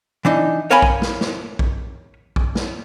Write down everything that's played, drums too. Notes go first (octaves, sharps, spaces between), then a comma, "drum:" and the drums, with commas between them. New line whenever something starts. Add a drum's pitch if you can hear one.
E3 D4 D#4
A#4 C#5 F5 G5 G#5 B5
drum: kick A#1
drum: snare
drum: snare
drum: kick A#1
drum: kick A#1
drum: snare